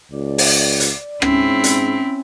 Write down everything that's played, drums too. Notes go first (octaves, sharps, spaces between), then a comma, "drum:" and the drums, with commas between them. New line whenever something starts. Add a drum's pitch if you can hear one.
C#2 D5
drum: open hi-hat
drum: hi-hat
G#2 C4 C#4 E4, drum: rim click
drum: hi-hat